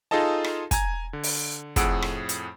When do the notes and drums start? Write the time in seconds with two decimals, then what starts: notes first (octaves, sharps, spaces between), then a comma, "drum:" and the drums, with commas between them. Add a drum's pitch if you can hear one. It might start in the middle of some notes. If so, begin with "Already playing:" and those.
0.11 D#4 F4 G#4 A4 D#5 A5
0.44 drum: rim click
0.71 G#5 A#5 G#6, drum: kick, hi-hat
1.13 D3
1.23 drum: open hi-hat
1.76 F2 A2 G#4 F#5 E6 D7, drum: kick, hi-hat
2.02 drum: rim click
2.29 drum: hi-hat